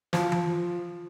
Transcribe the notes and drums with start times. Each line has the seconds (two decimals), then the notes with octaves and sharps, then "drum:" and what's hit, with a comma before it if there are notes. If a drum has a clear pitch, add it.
0.13 F3, drum: snare
0.32 drum: tom E3